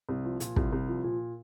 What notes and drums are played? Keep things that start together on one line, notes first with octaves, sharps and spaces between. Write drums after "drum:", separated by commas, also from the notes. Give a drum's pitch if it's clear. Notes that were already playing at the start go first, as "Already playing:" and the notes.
C2
F3
A#2, drum: hi-hat
C2, drum: kick
C2
F3
A#2